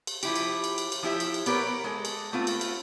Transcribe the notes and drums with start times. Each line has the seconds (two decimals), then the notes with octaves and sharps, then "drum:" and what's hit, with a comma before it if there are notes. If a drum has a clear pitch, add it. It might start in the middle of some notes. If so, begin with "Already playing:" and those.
0.07 drum: cymbal
0.23 F3 E4 G4, drum: cymbal
0.36 drum: cymbal
0.64 drum: cymbal
0.78 drum: cymbal
0.92 drum: cymbal
1.03 F3 E4 G4 E5
1.20 drum: cymbal
1.34 drum: cymbal
1.46 B3 G4 A#4 B4 C#5, drum: cymbal
1.84 G#3 A4
2.05 drum: cymbal
2.33 A3 B3 C4 F4
2.47 drum: cymbal
2.61 drum: cymbal